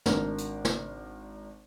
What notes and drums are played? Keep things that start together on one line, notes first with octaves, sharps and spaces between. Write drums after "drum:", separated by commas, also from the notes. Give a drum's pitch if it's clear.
G#1 D4 A#4, drum: snare
drum: hi-hat
drum: snare